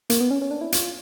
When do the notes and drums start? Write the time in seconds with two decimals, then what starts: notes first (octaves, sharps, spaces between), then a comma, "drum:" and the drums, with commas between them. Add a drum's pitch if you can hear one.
0.10 A#3, drum: hi-hat
0.20 B3
0.31 C#4
0.42 C#4
0.51 D4
0.61 E4
0.72 F4, drum: hi-hat